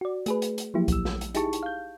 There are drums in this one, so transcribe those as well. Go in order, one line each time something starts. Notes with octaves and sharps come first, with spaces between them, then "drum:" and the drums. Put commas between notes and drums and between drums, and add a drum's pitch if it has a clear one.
F#4 D5
A3 G#4 B4, drum: hi-hat
drum: hi-hat
drum: hi-hat
F3 F#3 A#3 E4 G4
A#1 E6, drum: kick C#2, hi-hat
drum: snare
drum: hi-hat
D#4 E4 G4 G#4 A5 C#6, drum: hi-hat
drum: hi-hat
F5 G6